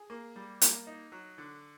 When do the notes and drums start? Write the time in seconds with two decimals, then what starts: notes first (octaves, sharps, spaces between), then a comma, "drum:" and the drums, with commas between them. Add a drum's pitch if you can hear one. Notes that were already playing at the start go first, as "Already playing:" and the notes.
Already playing: G#4
0.10 A#3
0.36 G3
0.62 A#3, drum: hi-hat
0.87 D#4
1.12 F#3
1.38 D3